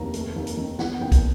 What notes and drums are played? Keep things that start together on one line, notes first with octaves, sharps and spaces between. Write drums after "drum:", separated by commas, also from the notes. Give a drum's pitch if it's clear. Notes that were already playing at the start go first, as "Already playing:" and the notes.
Already playing: F1 D#2 A#5
A3, drum: hi-hat
D#2
drum: hi-hat
D#3
B3 F#5, drum: snare
D#2 G5
drum: kick, hi-hat